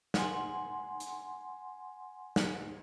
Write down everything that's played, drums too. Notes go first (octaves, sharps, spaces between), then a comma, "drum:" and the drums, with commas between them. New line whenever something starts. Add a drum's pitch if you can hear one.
F#5 G#5 C6, drum: snare
drum: hi-hat
drum: snare